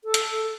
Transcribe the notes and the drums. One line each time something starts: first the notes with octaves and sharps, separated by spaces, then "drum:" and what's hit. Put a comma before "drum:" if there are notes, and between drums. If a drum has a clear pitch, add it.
A4
drum: hi-hat